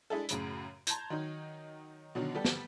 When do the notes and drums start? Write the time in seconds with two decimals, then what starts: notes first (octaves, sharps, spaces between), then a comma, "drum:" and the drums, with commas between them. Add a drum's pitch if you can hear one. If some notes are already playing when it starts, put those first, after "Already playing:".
0.10 G#3 D4 E4 G#4 A4
0.29 F#2 A2 C#3 B5 D7, drum: hi-hat
0.87 A5 A#5 C6 G6 G#6, drum: hi-hat
1.10 D#3 F#3 D#4
2.15 B2 D3 D#3 F#3
2.35 G3 B3 G4 A4
2.45 drum: snare